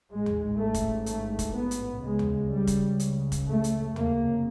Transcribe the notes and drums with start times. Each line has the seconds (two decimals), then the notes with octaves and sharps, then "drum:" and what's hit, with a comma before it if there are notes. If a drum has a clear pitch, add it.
0.10 A1 G#2 G#3
0.26 drum: tom D#2
0.58 A3
0.74 drum: kick, hi-hat
1.06 A3, drum: hi-hat
1.39 drum: kick, hi-hat
1.55 B3
1.71 drum: hi-hat
2.03 C#2 C#3 G#3
2.19 drum: tom D#2
2.51 G3
2.67 drum: kick, hi-hat
3.00 drum: hi-hat
3.32 drum: kick, hi-hat
3.48 A3
3.64 drum: hi-hat
3.96 F1 F2 C#3 A#3, drum: tom D#2